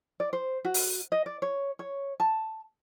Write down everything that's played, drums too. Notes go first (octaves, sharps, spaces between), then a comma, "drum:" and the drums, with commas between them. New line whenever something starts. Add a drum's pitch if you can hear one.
D5
C5
F#4
drum: open hi-hat
D#5
D5
C#5
C#5
A5